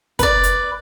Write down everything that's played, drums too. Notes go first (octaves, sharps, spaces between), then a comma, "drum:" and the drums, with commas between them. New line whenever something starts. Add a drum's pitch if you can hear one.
B4 D5, drum: kick, hi-hat
drum: hi-hat